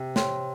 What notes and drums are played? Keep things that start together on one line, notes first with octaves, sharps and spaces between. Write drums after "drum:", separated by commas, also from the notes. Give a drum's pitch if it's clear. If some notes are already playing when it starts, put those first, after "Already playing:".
Already playing: C3 G5
C#5 G5 C6, drum: snare